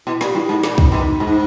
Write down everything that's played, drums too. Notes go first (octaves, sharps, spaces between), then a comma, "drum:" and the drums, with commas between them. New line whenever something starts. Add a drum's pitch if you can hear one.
B2 E4
A#2, drum: snare
G4
G2 E4
G#2
A#2 D#4, drum: snare
drum: kick
B2
G#2